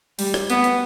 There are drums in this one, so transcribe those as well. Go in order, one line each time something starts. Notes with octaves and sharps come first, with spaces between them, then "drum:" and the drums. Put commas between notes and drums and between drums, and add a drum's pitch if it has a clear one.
G3, drum: open hi-hat
drum: rim click
B3, drum: hi-hat
drum: hi-hat